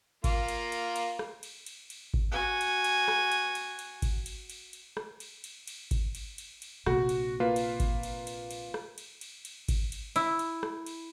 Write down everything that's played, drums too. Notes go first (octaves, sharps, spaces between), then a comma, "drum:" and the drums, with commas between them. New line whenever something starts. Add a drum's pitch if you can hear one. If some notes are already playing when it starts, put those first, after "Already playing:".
A#3 F4, drum: kick G#1, cymbal
drum: cymbal
drum: cymbal
drum: cymbal
drum: rim click
drum: cymbal
drum: cymbal
drum: cymbal
drum: kick G#1
F#4 G#5
drum: cymbal
drum: cymbal
drum: rim click
drum: cymbal
drum: cymbal
drum: cymbal
drum: kick G#1, cymbal
drum: cymbal
drum: cymbal
drum: cymbal
drum: rim click
drum: cymbal
drum: cymbal
drum: cymbal
drum: kick G#1, cymbal
drum: cymbal
drum: cymbal
drum: cymbal
A#1 C3 F#4, drum: rim click
drum: cymbal
A#3 F4 B4
drum: cymbal
drum: kick G#1, cymbal
drum: cymbal
drum: cymbal
drum: cymbal
drum: rim click
drum: cymbal
drum: cymbal
drum: cymbal
drum: kick G#1, cymbal
drum: cymbal
E4, drum: cymbal
drum: cymbal
drum: rim click
drum: cymbal